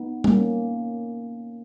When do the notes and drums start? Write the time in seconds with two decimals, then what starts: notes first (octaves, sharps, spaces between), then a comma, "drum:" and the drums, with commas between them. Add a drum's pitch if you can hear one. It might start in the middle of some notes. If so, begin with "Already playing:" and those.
Already playing: B3 D#4
0.24 A#3 C#4, drum: tom G3